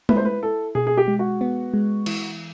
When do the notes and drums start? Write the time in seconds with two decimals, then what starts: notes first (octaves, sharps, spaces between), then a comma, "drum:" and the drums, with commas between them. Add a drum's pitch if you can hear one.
0.09 E4 B4, drum: tom G#3
0.17 C5
0.25 B4
0.43 E4 A4
0.75 B2 G#4
0.87 G#4
0.97 G4
1.08 G#3
1.19 F#4
1.41 B3
1.74 G#3
2.06 E3, drum: cymbal